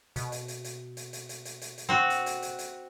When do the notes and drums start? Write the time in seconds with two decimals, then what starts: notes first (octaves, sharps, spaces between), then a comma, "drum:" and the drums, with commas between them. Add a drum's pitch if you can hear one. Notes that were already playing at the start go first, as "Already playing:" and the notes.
0.16 B2, drum: hi-hat
0.32 drum: hi-hat
0.48 drum: hi-hat
0.64 drum: hi-hat
0.97 drum: hi-hat
1.13 drum: hi-hat
1.29 drum: hi-hat
1.45 drum: hi-hat
1.62 drum: hi-hat
1.78 drum: hi-hat
1.89 C4 F#4
2.10 drum: hi-hat
2.26 drum: hi-hat
2.42 drum: hi-hat
2.59 drum: hi-hat